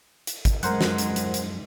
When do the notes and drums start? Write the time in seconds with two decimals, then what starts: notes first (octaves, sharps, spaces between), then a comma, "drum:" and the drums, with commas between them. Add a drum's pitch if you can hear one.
0.27 drum: hi-hat
0.45 drum: kick, hi-hat
0.63 F#2 G#3 A#4 C5 F#5, drum: hi-hat
0.81 drum: snare
0.98 drum: hi-hat
1.16 drum: hi-hat
1.34 drum: hi-hat